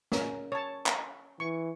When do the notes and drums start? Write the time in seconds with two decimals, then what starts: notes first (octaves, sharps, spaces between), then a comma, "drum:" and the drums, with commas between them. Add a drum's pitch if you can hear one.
0.12 C#4 A#4, drum: snare
0.52 C#5 A5
0.86 drum: clap
1.40 E3 C#6